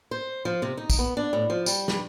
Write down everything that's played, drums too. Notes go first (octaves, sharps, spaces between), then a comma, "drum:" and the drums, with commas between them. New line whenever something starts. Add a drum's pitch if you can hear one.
C5
F3
C3
D#4
drum: kick, tambourine
B3
D4
A2
F3
G3, drum: tambourine
G2, drum: snare